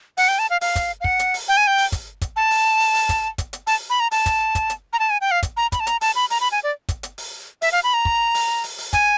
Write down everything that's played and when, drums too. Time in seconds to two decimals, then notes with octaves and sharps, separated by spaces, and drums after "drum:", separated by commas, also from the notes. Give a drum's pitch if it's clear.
0.17 F#5, drum: open hi-hat
0.28 G5
0.39 A5
0.50 F5
0.61 F5, drum: open hi-hat
0.76 drum: kick, hi-hat
1.01 F5
1.04 F#5, drum: kick
1.19 drum: hi-hat
1.34 drum: open hi-hat
1.48 G5
1.57 G#5
1.67 G5
1.78 drum: open hi-hat
1.92 drum: kick, hi-hat
2.22 drum: kick, hi-hat
2.36 A5
2.51 drum: open hi-hat
2.80 drum: open hi-hat
2.94 drum: open hi-hat
3.09 drum: kick, hi-hat
3.38 drum: kick, hi-hat
3.53 drum: hi-hat
3.67 A5, drum: open hi-hat
3.90 B5
4.00 A#5
4.11 A5, drum: open hi-hat
4.26 drum: kick, hi-hat
4.55 drum: kick, hi-hat
4.70 drum: hi-hat
4.93 A#5
4.99 A5
5.10 G#5
5.21 G5
5.31 F5
5.43 drum: kick, hi-hat
5.57 A#5
5.72 B5, drum: kick, hi-hat
5.80 A5
5.87 A#5, drum: hi-hat
6.01 A5, drum: open hi-hat
6.15 B5
6.30 A#5, drum: open hi-hat
6.41 B5
6.52 G#5
6.63 D5
6.89 drum: kick, hi-hat
7.03 drum: hi-hat
7.18 drum: open hi-hat
7.62 E5, drum: open hi-hat
7.72 F5
7.84 B5
7.94 A#5
8.05 drum: kick
8.35 drum: open hi-hat
8.64 drum: open hi-hat
8.78 drum: open hi-hat
8.93 G#5, drum: kick, hi-hat